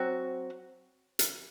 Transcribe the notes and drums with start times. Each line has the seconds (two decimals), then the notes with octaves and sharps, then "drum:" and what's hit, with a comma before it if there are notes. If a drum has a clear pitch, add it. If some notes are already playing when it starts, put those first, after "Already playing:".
Already playing: F#3 C4 F#4
1.19 drum: hi-hat